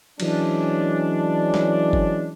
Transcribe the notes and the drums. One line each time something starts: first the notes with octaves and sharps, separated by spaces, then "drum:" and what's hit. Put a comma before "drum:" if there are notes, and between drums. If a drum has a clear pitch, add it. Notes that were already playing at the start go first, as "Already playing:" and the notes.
E3 F#3 G#3 C#4 D4, drum: cymbal
drum: snare
drum: kick